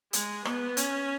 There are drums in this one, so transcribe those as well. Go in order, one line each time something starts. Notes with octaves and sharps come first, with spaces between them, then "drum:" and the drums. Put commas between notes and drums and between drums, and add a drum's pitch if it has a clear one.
G#3, drum: hi-hat
B3, drum: rim click
C#4, drum: hi-hat